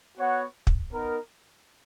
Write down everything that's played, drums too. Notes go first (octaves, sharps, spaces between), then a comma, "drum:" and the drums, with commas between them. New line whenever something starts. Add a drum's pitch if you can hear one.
B3 F#4 C#5 F#5
drum: kick
B3 D#4 A#4